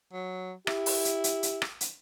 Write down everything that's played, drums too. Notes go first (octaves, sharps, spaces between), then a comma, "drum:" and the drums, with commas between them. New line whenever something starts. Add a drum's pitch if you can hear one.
F#3
E4 G4, drum: rim click
drum: open hi-hat
drum: hi-hat
drum: hi-hat
drum: hi-hat
drum: rim click
drum: hi-hat